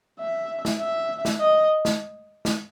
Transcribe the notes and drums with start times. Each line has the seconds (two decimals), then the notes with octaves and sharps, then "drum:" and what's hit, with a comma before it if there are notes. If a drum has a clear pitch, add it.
0.20 E5
0.65 drum: snare
0.80 E5
1.25 drum: snare
1.40 D#5
1.85 drum: snare
2.45 drum: snare